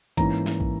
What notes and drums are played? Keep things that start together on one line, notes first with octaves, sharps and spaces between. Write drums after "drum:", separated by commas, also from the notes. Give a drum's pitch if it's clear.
G#2 E3 A#3 C#4 A#5, drum: kick, hi-hat
drum: snare
drum: kick